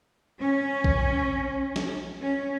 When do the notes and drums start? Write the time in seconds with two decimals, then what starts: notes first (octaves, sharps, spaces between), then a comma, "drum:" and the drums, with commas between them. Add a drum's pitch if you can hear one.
0.39 C#4
0.84 drum: kick A#1
1.76 drum: snare
2.22 C#4